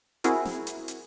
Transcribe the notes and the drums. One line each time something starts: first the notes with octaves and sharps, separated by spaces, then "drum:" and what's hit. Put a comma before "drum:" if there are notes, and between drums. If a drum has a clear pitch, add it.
C4 E4 F#4 G#4 A#4, drum: hi-hat
drum: snare
drum: hi-hat
drum: hi-hat